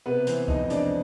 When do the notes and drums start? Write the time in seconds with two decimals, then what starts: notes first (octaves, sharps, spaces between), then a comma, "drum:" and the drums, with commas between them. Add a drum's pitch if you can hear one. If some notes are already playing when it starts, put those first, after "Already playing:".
0.06 C3 B3 B4
0.27 E3 C4 C5, drum: hi-hat
0.48 F2 D#4 D#5, drum: kick C2
0.70 F2 D4 D5, drum: hi-hat